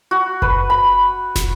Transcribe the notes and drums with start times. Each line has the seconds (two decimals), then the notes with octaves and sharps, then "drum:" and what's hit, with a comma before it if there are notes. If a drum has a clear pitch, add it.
0.11 F#4
0.42 B4, drum: kick F#1
0.70 B5
1.36 drum: snare